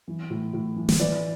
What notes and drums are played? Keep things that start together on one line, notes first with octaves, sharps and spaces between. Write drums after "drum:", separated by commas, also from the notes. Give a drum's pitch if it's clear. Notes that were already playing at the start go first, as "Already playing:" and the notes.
E3
A2
A2
E3
drum: snare
E3 B4 D5